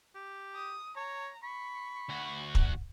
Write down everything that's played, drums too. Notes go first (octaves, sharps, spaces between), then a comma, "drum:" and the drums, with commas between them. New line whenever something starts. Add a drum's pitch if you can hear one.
G4
D#6
C#5 A#5
B5 C#6
D2 F#4
drum: kick